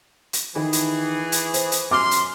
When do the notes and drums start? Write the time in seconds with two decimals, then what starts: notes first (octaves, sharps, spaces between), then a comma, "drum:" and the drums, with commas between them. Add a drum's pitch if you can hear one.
0.33 drum: hi-hat
0.56 D#3 E3 G#4
0.73 drum: hi-hat
1.32 drum: hi-hat
1.54 C5, drum: hi-hat
1.72 drum: hi-hat
1.91 F#2 C6 D6 F6
2.11 drum: hi-hat